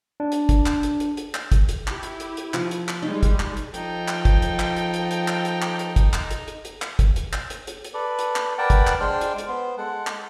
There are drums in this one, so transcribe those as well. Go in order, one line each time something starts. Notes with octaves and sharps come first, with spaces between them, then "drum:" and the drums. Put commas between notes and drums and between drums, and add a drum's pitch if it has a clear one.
D4
drum: hi-hat
drum: kick, hi-hat
drum: clap
drum: hi-hat
drum: hi-hat
drum: hi-hat
drum: clap
drum: kick, hi-hat
drum: hi-hat
E4 G4, drum: clap
drum: hi-hat
drum: hi-hat
drum: hi-hat
F3, drum: clap
drum: hi-hat
drum: clap
G3 G#3 D#4 G4
drum: kick, hi-hat
drum: clap
drum: hi-hat
F3 D#4 A4 G5, drum: hi-hat
drum: clap
drum: kick, hi-hat
drum: hi-hat
drum: clap
drum: hi-hat
drum: hi-hat
drum: hi-hat
drum: clap
drum: hi-hat
drum: clap
drum: hi-hat
drum: kick, hi-hat
drum: clap
drum: hi-hat
drum: hi-hat
drum: hi-hat
drum: clap
drum: kick, hi-hat
drum: hi-hat
drum: clap
drum: hi-hat
drum: hi-hat
drum: hi-hat
A4 B4 D5
drum: hi-hat
drum: clap
A#4 B4 D5 F#5 G5 A5
drum: kick, hi-hat
drum: clap
G#3 D4 C5 G5 F6
drum: hi-hat
drum: hi-hat
B3 C5
G#3 A4 F#5
drum: clap